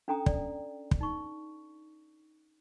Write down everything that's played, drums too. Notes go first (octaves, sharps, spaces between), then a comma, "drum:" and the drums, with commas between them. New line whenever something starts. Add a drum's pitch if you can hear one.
C#4 D4 A4 G5 A#5 D#6
D5, drum: kick
drum: kick
D#4 C#6